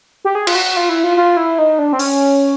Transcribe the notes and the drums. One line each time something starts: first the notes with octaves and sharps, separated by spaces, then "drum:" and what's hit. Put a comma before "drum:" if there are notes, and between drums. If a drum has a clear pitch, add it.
G4
G#4
F4, drum: cymbal
F#4
F4
E4
F4
F4
E4
D#4
D4
C4
C#4, drum: open hi-hat